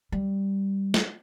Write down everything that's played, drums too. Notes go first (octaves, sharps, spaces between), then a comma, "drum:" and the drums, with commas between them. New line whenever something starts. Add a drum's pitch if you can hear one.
G3
drum: snare